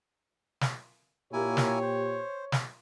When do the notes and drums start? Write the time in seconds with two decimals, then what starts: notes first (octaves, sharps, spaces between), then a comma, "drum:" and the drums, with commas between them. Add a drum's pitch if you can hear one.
0.61 drum: snare
1.33 A#2 A#3 E4 G4 C#5 G#5
1.57 drum: snare
1.82 C5
2.52 drum: snare